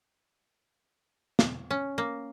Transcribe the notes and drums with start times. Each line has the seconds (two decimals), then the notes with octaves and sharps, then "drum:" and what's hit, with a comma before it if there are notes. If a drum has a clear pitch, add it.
1.39 drum: snare
1.71 C#4
1.98 A#3